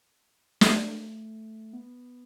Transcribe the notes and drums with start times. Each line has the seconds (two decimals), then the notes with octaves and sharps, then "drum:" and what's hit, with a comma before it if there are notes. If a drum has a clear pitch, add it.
0.61 A3, drum: snare
1.73 B3